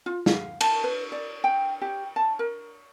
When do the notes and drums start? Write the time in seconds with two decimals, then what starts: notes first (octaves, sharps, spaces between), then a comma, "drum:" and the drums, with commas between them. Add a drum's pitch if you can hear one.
0.06 F4
0.26 F5, drum: snare
0.61 A5, drum: cymbal
0.84 B4
1.12 D5
1.44 G5
1.81 G4
2.16 A5
2.39 A#4